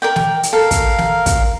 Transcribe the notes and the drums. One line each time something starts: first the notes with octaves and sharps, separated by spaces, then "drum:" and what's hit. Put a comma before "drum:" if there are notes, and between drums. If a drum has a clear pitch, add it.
A#4 D5 G5
drum: snare
drum: hi-hat
A4 A#4 F5
drum: kick, hi-hat
drum: snare
drum: kick, hi-hat